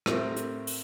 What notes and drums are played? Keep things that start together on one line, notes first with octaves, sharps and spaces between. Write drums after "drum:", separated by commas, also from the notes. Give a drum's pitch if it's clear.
A2 A3 C4 G4 A#4, drum: rim click
drum: hi-hat
drum: open hi-hat